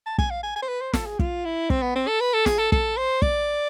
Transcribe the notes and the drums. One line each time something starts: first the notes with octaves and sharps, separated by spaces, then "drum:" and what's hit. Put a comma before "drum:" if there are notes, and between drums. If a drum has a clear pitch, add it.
A5
G#5, drum: kick
F5
G#5
G#5
C5
B4
C5
A4, drum: snare
G#4
F4, drum: kick
E4
C4, drum: kick
B3
C4
A4
B4
A4
G#4, drum: snare
A4
A4, drum: kick
C5
D5, drum: kick